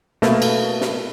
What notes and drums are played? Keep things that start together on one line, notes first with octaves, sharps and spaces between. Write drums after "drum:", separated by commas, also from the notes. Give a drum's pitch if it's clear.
B2 A3 A#3, drum: snare
drum: cymbal
drum: snare